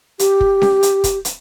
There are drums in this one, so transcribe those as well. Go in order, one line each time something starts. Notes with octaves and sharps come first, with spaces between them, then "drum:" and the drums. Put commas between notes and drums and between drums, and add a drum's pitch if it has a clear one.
G4, drum: hi-hat
drum: kick
drum: snare C#4
drum: hi-hat
drum: kick, hi-hat
drum: hi-hat